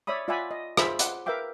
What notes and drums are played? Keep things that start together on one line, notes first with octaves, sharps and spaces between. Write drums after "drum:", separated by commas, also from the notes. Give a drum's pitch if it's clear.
C#5 D5 E5 B5 D#6
F4 D5 E5 F#5 G#5 B5
D#5
F4 G#4 C5 E5 B5, drum: rim click
F#5 D6, drum: hi-hat
A#4 B4 E5 F5 G5 D6